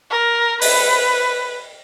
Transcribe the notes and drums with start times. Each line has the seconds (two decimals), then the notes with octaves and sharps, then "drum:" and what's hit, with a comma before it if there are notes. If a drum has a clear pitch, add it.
0.11 A#4
0.61 B4, drum: open hi-hat